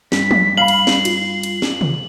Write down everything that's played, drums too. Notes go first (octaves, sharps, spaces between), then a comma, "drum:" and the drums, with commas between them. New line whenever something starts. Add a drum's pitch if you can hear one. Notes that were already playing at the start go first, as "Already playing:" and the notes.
G2 B6, drum: snare
drum: tom F3
F5 B5 C7 F#7
drum: cymbal
drum: snare
F4, drum: cymbal
drum: cymbal
drum: snare
drum: tom C3